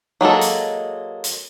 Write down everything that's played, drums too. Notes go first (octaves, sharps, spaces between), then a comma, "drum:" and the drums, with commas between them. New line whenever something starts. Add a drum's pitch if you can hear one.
F#3 G#3 A#3 A4
drum: hi-hat
drum: hi-hat